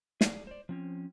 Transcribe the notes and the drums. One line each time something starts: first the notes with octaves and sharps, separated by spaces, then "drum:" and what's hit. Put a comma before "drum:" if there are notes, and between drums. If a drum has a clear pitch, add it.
G#4 D5, drum: snare
C5 D5
F3 C4 C#4